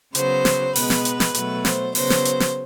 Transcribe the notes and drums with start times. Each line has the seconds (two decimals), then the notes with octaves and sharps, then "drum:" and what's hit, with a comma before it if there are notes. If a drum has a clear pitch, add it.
0.15 C#3 F#3 B3 C5, drum: hi-hat
0.45 drum: snare
0.76 B2 G#3 B3 B4, drum: open hi-hat
0.90 drum: snare
1.05 drum: hi-hat
1.20 drum: snare
1.34 B2 F#3 A3, drum: hi-hat
1.65 C5, drum: snare
1.95 C#3 F#3 B3 C5, drum: open hi-hat
2.10 drum: snare
2.25 drum: hi-hat
2.40 drum: snare